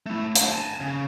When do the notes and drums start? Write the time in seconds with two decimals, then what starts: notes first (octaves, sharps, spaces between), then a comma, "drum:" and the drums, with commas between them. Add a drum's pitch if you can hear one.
0.07 A3 E4
0.35 A3 D4, drum: hi-hat
0.52 G#5 A5
0.80 C#3